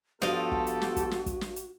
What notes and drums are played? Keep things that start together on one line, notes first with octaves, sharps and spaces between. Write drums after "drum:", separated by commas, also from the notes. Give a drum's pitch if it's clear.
G2 F3 B3 F#4 G4 A4 D#5 F5, drum: snare
drum: kick
drum: hi-hat
drum: snare
drum: kick, hi-hat
drum: snare
drum: kick, hi-hat
drum: snare
drum: hi-hat